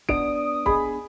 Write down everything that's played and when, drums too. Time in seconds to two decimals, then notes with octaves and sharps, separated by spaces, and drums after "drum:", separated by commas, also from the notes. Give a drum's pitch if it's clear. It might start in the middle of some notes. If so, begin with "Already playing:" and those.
0.09 B3 D4 D#6 D7, drum: kick
0.66 G#4 G#5 B5, drum: kick